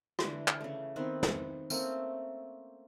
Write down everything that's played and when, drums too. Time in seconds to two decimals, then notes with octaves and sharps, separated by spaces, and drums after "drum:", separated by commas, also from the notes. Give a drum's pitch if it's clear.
0.19 D3 E3, drum: rim click
0.48 drum: clap
0.61 C#3 A3
0.96 D#3 B3 C4 B4
1.23 drum: snare
1.70 A3 A#3 C4 C#4, drum: tambourine